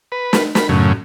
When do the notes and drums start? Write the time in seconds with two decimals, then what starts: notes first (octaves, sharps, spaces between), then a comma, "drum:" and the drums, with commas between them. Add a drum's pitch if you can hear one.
0.12 B4
0.33 drum: snare
0.55 B5, drum: snare
0.69 F#2 A2 C#3